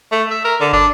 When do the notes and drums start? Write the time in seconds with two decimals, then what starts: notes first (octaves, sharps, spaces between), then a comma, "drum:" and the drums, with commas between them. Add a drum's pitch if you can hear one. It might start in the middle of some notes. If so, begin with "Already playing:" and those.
0.11 A3
0.31 E5
0.45 A#4
0.60 D3
0.73 D4, drum: kick